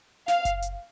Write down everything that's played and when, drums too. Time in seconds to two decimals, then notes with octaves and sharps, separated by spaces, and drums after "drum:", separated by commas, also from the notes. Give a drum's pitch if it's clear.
0.28 F5, drum: snare
0.45 drum: kick F#1, hi-hat
0.62 drum: hi-hat